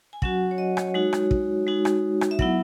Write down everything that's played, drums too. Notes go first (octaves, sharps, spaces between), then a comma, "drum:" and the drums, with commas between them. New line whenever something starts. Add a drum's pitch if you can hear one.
G#5
F#3 C#4 F#4 F#5, drum: kick
C#5
D#5
C#5, drum: rim click
G#3 D#4 F#4
drum: rim click
drum: kick
G#3 D#4 F#4
drum: rim click
drum: rim click
E5
F#3 B3 E4 F#5, drum: kick